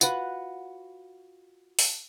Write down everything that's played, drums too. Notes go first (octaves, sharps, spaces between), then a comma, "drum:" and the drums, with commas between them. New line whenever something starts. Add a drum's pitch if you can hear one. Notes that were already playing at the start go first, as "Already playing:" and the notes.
F4 F#4 B4 F#5, drum: tambourine
drum: open hi-hat